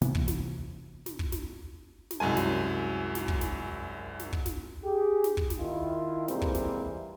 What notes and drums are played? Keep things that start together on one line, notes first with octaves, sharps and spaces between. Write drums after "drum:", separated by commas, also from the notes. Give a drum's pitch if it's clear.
C3 E3 A#3 B3, drum: snare
drum: kick
drum: snare
drum: snare
drum: kick
drum: snare
drum: snare
C2 F#2 G#3 G#5
drum: snare
drum: snare
drum: kick
drum: snare
drum: snare
drum: kick
drum: snare
G4 G#4
drum: snare
drum: kick
drum: snare
D#3 E4 F4
C3 E3 G3 G#3 A#3 C4, drum: snare
drum: kick
drum: snare